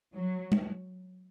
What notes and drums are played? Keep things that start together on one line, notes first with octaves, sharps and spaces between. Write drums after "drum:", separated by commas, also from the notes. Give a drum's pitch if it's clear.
F#3
drum: tom